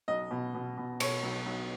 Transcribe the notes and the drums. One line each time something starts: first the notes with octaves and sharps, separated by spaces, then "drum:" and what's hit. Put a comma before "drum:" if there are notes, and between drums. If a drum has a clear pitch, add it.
B1 D#5
B2
B2
B2
B2 C#5, drum: cymbal
B1
B1